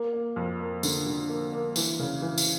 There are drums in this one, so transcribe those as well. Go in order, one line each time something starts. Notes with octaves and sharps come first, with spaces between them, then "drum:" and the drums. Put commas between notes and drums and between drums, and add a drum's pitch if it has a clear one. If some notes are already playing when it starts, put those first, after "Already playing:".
Already playing: A#3
A#3
F2
A#3
D3, drum: tambourine
D3
A#3
A#3
E3, drum: tambourine
C#3
E3
drum: tambourine